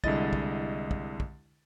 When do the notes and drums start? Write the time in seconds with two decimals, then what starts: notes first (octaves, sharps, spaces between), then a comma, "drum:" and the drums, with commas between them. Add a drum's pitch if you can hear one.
0.04 C2 D3 G#3 E4 D#5 A6, drum: kick
0.33 drum: kick
0.91 drum: kick
1.20 drum: kick